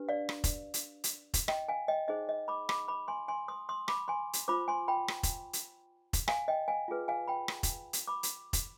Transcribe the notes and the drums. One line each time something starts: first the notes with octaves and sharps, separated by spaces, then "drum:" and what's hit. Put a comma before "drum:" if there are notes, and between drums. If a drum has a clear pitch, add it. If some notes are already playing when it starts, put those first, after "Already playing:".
Already playing: D4 G4 B4
D5 F5
drum: rim click
drum: kick F1, hi-hat
drum: hi-hat
drum: hi-hat
drum: kick F1, hi-hat
D#5 G5, drum: rim click
F5 G#5
D#5 G5
D#4 G#4 C5 D#5
D#5
B5 D6
B5 D6, drum: rim click
B5 D6
G#5 C6
G#5 C6
C6 D#6
C6 D#6
B5 D6, drum: rim click
G#5 C6
drum: hi-hat
F4 C5 B5 D6
G#5 C6
G5 B5
drum: rim click
drum: kick F1, hi-hat
drum: hi-hat
drum: kick F1, hi-hat
F5 G#5, drum: rim click
D#5 G5
F5 G#5
F4 G#4 B4
F5 G#5
G5 B5
drum: rim click
drum: kick F1, hi-hat
drum: hi-hat
B5 D6
drum: hi-hat
drum: kick F1, hi-hat